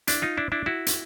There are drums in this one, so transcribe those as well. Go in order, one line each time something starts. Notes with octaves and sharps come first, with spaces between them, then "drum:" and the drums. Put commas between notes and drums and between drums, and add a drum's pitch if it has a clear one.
D4 E4, drum: hi-hat
D#4 F4
D4 E4
D4 E4
E4 F#4
drum: hi-hat